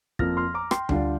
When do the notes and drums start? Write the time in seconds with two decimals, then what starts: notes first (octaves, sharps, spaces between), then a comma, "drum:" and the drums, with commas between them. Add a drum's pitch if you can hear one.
0.19 F2 F3 A#3 F4 F6 A#6, drum: kick
0.37 C6 F6
0.54 A#5 D6
0.71 G5 C6, drum: rim click
0.89 D3 G3 D4 F4, drum: tom D2